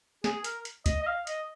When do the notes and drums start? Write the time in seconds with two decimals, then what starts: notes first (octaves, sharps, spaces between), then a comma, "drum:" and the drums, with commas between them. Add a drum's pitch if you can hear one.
0.24 G#4, drum: snare
0.44 A#4, drum: hi-hat
0.65 drum: hi-hat
0.86 D#5, drum: kick C#2, hi-hat
1.02 D#5
1.07 F5
1.27 D#5, drum: hi-hat